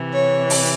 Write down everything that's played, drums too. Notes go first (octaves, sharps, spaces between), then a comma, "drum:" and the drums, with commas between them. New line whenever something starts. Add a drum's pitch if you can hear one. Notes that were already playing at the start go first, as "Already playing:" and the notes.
Already playing: C3 E3
C#5
drum: open hi-hat